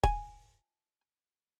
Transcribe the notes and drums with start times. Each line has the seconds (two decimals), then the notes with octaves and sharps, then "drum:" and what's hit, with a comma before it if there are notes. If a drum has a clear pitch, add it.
0.03 G#5, drum: kick D#1